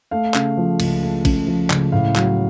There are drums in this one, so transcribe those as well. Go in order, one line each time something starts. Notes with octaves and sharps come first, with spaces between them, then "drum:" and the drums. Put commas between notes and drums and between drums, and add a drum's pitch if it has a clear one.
A3 F5
C#3, drum: clap
F3
C#2, drum: cymbal
A3
C#3, drum: kick A1, cymbal
F3
C#2, drum: clap
A2 F5
F#3, drum: clap